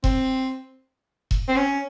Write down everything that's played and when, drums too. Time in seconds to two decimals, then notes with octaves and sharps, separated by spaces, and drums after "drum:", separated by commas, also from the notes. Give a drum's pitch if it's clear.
0.04 C4, drum: kick E1
1.31 drum: kick E1
1.48 C4
1.56 C#4